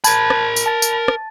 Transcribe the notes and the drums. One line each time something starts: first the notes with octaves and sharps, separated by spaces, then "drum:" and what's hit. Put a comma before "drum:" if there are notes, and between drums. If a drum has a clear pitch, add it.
A#4 A5 B5 G#6 A6, drum: tambourine
drum: rim click
drum: tambourine
A5 A6
drum: tambourine
drum: rim click